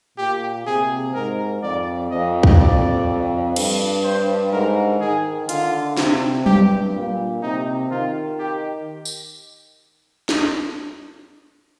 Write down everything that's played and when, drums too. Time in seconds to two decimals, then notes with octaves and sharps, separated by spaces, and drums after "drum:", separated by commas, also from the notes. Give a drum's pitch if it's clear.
0.18 A#2 G4
0.66 C3 G#4
1.15 G#2 A#4
1.63 F2 D5
2.11 F2 D#5
2.43 drum: kick
2.60 D5
3.56 G2, drum: cymbal
4.04 C5
4.53 G#2 A#4
5.01 D#3 G#4
5.49 D3 F4, drum: hi-hat
5.97 C3, drum: snare
6.46 G2 G4, drum: tom F#3
6.95 A#2
7.43 C3 D#4
7.91 D#3 F4
8.39 G4
9.05 drum: tambourine
10.29 drum: snare